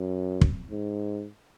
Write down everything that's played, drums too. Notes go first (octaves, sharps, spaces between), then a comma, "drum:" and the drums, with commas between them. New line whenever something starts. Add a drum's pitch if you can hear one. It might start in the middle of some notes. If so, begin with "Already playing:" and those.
Already playing: F#2
drum: kick
G#2